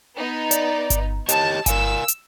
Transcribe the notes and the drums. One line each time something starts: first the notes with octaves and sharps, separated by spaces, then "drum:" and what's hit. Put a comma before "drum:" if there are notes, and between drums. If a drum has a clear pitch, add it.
B3 D#4
D5, drum: hi-hat
drum: kick G1, hi-hat
G4 C#5 D#5 A5, drum: hi-hat
A#4 F5 G#5 E6, drum: kick G1, hi-hat
drum: hi-hat